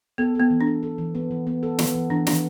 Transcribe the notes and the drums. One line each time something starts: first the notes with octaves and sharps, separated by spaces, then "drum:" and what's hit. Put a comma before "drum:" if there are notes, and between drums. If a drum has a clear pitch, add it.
B3 A4
B3 A4
E3
D4
A4
A4
E3
B3
E3
B3
A4
B3, drum: snare
E3
E3 D4
E3 D4, drum: snare